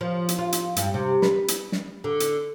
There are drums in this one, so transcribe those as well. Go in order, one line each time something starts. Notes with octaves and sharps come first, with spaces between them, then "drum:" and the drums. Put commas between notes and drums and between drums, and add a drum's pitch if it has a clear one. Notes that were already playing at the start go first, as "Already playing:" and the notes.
F3
drum: hi-hat
F4
drum: hi-hat
G2, drum: hi-hat
C3
B4, drum: snare
drum: hi-hat
drum: snare
D3
drum: hi-hat